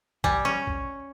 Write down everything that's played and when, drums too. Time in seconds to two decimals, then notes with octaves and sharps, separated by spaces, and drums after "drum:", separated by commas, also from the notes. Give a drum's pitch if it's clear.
0.24 G3 G#5, drum: kick
0.45 C#4 C#6
0.67 drum: kick